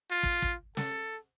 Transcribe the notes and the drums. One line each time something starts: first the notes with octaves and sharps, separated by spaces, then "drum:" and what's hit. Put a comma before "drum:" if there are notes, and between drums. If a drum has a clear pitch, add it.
F4
drum: kick
drum: kick
A4, drum: snare